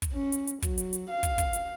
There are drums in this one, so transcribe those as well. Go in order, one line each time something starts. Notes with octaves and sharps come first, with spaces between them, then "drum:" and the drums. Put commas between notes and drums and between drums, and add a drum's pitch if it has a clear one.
drum: kick, hi-hat
C#4
drum: hi-hat
drum: hi-hat
F#3, drum: kick, hi-hat
drum: hi-hat
drum: hi-hat
F5
drum: kick, hi-hat
drum: kick, hi-hat
drum: hi-hat